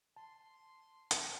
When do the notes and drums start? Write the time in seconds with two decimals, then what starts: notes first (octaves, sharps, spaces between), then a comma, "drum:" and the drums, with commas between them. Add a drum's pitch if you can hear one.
0.16 A5 C6
1.11 drum: hi-hat